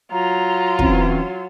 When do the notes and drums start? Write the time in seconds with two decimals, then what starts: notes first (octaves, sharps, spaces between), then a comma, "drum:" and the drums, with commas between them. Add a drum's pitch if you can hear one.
0.12 F#3 F4 A#5
0.79 E3 C4 C#4, drum: kick